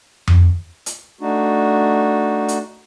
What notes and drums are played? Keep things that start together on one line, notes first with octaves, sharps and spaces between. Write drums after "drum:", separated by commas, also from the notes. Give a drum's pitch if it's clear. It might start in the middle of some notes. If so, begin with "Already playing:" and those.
drum: tom F2
drum: hi-hat
A3 D4 D#4 F#4
drum: hi-hat